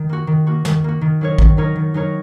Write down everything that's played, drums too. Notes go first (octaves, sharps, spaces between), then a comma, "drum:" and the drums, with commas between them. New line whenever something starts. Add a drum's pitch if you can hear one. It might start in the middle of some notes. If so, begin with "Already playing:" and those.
Already playing: D#3
A#3 F#4
D#3
A#3 F#4
D#3, drum: snare
A#3 F#4
D#3
F#3 D#4 A#4 C#5
D#3, drum: kick
F#3 D#4 A#4 C#5
D#3
F#3 D#4 A#4 C#5